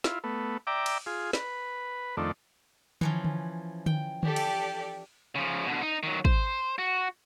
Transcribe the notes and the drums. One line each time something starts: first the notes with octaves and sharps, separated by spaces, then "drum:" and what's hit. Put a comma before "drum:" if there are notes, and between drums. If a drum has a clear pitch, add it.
E4 F4, drum: snare
A3 B3
D5 E5 G5 A#5 D6
drum: cymbal
F4 G#4
B4, drum: snare
F2 D#3 A3 D4
E3 F3 C#4, drum: tom D3
drum: tom D3
G5, drum: tom D3
G4 A4 D5, drum: tom D3
drum: cymbal
C#3 F3
B2 D3
D#4
D#3 F#3
C5, drum: kick
F#4